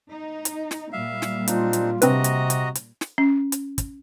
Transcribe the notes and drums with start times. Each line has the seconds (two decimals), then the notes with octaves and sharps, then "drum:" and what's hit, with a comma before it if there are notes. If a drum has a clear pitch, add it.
0.11 D#4
0.45 drum: hi-hat
0.71 drum: snare
0.93 A#2 G3 E5 F5
1.22 drum: snare
1.48 C4 D4 D#4 F4, drum: hi-hat
1.73 drum: hi-hat
2.02 C3 C4 D4 F#4 B4 D#5 A#5, drum: hi-hat
2.24 drum: hi-hat
2.50 drum: hi-hat
2.75 drum: hi-hat
3.01 drum: snare
3.18 C#4
3.52 drum: hi-hat
3.78 drum: kick, hi-hat